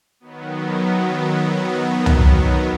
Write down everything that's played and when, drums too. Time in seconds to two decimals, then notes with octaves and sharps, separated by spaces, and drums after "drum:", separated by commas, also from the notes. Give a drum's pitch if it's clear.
0.20 D#3 F#3 B3
2.06 drum: tom